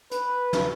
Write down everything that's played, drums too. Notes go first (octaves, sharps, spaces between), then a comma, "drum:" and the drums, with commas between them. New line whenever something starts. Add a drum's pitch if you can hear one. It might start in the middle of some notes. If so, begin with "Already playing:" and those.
B4, drum: hi-hat
drum: snare